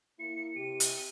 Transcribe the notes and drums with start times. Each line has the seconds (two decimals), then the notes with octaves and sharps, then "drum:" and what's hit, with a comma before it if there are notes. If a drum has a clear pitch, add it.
0.19 A#3 E4 C#7
0.56 C3 G4 D#7
0.80 drum: hi-hat